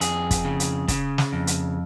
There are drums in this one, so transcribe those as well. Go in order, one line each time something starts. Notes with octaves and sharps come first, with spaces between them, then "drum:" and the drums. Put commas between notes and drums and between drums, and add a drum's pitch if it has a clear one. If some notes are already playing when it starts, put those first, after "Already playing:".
F2 G#4, drum: hi-hat
drum: kick, hi-hat
C#3
drum: hi-hat
C#3, drum: kick, hi-hat
drum: snare
F2
drum: hi-hat